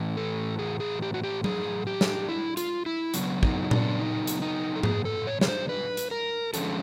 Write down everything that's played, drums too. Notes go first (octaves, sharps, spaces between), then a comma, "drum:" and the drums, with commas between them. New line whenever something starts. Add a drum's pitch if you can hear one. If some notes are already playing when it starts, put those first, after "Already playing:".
Already playing: A2 E3 A3
A4
G#4
G#4
G4
F#4
G4
G#4, drum: tom F#3
G4
drum: snare
E4
F4, drum: hi-hat
E4
C#3 F#3 B3, drum: hi-hat
D#4, drum: kick
D4, drum: tom A#2
D#4
drum: hi-hat
D#4
A4
G#4, drum: tom G#2
A4
C#5
C#5, drum: snare
C5
B4
drum: hi-hat
A#4
D3 F3 G#3 C#4 A4, drum: hi-hat